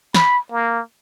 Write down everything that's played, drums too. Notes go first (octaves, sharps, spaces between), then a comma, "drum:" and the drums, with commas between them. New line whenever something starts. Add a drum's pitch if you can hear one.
B5, drum: snare
A#3